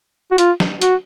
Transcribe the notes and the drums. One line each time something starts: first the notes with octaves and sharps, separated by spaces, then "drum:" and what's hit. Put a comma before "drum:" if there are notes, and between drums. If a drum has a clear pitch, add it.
F#4
F4, drum: hi-hat
drum: snare
F#4, drum: hi-hat